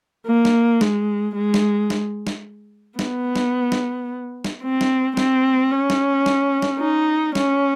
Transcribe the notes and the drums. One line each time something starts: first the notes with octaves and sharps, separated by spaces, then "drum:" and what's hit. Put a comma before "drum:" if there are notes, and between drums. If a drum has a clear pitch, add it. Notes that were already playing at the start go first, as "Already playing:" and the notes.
A#3
drum: snare
G#3, drum: snare
G#3
drum: snare
drum: snare
drum: snare
B3, drum: snare
drum: snare
drum: snare
drum: snare
C4
drum: snare
C4, drum: snare
C#4
drum: snare
drum: snare
drum: snare
D#4
C#4, drum: snare